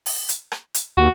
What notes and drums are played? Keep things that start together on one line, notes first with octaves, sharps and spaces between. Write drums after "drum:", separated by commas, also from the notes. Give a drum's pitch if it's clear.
drum: open hi-hat
drum: hi-hat
drum: rim click
drum: hi-hat
D#2 F#4